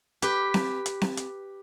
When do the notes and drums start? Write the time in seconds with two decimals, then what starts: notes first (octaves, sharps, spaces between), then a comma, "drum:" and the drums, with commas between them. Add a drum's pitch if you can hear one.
0.22 G4 B4, drum: hi-hat
0.54 drum: snare C4
0.86 drum: hi-hat
1.01 drum: snare C4
1.17 drum: hi-hat